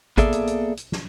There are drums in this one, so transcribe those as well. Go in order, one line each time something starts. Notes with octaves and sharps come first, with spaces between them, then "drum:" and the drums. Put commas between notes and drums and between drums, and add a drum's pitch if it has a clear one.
A#3 B3 G#4 A4 D5 E5, drum: kick G#1, hi-hat
drum: hi-hat
drum: hi-hat
drum: hi-hat
drum: snare